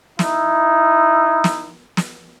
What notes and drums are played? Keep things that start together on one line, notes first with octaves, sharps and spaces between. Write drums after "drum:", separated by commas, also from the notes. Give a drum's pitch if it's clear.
D#4 E4, drum: snare
drum: snare
drum: snare